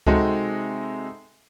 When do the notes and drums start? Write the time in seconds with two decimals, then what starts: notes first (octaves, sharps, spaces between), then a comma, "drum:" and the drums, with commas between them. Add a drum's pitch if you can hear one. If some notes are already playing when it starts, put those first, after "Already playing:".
0.06 C3 G#3 C4 D#4 F#4 A4, drum: kick C#2